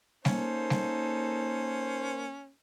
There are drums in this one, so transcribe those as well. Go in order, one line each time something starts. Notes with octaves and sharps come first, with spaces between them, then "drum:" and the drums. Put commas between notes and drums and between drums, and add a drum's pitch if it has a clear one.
A#3 C#4 D#4 A4 C5, drum: snare G3
drum: snare G3